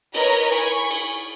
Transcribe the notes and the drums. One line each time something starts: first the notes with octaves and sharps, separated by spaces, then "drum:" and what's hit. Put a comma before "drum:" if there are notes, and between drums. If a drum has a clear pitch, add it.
A#4 B4 C#5 D#5 A#5, drum: cymbal
G#5 B5 C#6, drum: cymbal
drum: cymbal